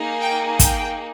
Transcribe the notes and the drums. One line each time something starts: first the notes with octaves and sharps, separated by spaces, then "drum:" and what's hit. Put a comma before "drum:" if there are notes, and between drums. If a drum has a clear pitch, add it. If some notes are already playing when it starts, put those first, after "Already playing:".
Already playing: A#3 D#4 G#4
G5
G5, drum: kick, hi-hat